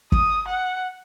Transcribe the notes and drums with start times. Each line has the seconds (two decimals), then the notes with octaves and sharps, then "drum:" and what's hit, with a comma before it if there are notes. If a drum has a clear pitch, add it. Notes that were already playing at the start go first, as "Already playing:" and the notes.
0.12 D#6, drum: kick
0.48 F#5